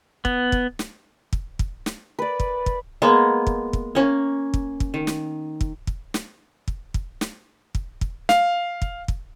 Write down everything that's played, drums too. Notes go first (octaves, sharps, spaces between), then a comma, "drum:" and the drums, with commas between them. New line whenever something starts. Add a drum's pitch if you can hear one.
B3, drum: kick
drum: kick
drum: snare
drum: kick
drum: kick
drum: snare
B4 D5
drum: kick
drum: kick
G#3 A#3 B3
drum: kick
drum: kick
A#3 C#4
drum: kick
drum: kick
D#3
drum: snare
drum: kick
drum: kick
drum: snare
drum: kick
drum: kick
drum: snare
drum: kick
drum: kick
F5, drum: snare
drum: kick
drum: kick